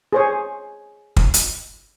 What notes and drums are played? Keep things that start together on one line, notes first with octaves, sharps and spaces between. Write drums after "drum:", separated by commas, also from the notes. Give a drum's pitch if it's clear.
G#4 C5 C#5
drum: kick
drum: hi-hat